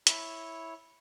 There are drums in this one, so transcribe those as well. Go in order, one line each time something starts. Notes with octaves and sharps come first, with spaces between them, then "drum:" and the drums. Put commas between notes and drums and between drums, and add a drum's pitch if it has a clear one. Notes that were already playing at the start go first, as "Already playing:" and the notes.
E4 C#5, drum: hi-hat